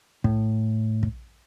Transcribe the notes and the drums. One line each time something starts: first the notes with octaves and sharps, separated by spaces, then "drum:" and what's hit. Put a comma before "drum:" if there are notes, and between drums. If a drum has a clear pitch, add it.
A2, drum: kick
drum: kick